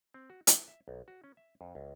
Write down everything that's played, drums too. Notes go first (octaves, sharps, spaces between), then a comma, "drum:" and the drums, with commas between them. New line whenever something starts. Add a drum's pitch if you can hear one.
C4
F#4
E4, drum: hi-hat
E5
B1
F#4
C#4
E5
F2
C#2